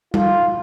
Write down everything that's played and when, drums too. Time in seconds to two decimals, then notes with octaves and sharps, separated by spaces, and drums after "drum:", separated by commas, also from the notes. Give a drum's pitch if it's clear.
0.14 F4, drum: tom G3